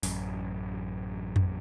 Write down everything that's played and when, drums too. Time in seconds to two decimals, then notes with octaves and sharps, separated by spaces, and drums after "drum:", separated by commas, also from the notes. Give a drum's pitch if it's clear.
0.03 A1 F#2, drum: open hi-hat
1.36 drum: tom F2